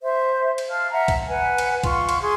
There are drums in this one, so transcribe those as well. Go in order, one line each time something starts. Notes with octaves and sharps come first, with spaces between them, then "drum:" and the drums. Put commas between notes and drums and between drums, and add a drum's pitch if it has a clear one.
C5 E5
drum: cymbal
F5 A5 F6
E5 F#5 A#5
drum: kick, cymbal
B4 F#5 G#5
drum: cymbal
F4 C6 C#6, drum: kick, cymbal
drum: cymbal
G#4 C6